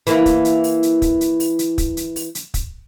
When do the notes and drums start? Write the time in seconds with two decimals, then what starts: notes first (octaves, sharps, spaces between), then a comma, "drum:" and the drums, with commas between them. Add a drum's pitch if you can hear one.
0.07 E3 A#3 E4, drum: hi-hat
0.26 drum: kick, hi-hat
0.45 drum: hi-hat
0.64 drum: open hi-hat
0.83 drum: hi-hat
1.02 drum: kick, hi-hat
1.21 drum: hi-hat
1.40 drum: open hi-hat
1.59 drum: hi-hat
1.78 drum: kick, hi-hat
1.97 drum: hi-hat
2.16 drum: open hi-hat
2.35 drum: hi-hat
2.54 drum: kick, hi-hat